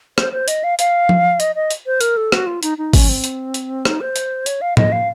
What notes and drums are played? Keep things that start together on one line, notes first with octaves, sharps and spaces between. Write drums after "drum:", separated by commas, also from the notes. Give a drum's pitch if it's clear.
C5, drum: rim click
C5
D#5, drum: hi-hat
F5
F5, drum: hi-hat
drum: tom F3
D#5, drum: hi-hat
D#5
drum: hi-hat
C5
A#4, drum: hi-hat
A4
F#4, drum: rim click
F4
D#4, drum: hi-hat
D#4
C#4, drum: kick G#1, open hi-hat
C4
drum: hi-hat
drum: hi-hat
D#4, drum: rim click
C5
drum: hi-hat
C#5, drum: hi-hat
F5
D#5, drum: tom
F5